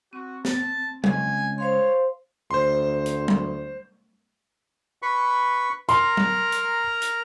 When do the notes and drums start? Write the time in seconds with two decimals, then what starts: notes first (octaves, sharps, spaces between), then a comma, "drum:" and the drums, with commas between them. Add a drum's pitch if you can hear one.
0.13 C4 F#4
0.45 A5, drum: snare
1.04 C#2 G#5, drum: tom F#3
1.58 C5 C#5 F5 C6
2.51 D2 C5 C6
3.06 drum: hi-hat
3.28 drum: tom F#3
5.02 B4 B5 C#6
5.89 A#4 A#5 C6, drum: hi-hat
6.17 drum: tom F#3
6.52 drum: hi-hat
7.02 drum: hi-hat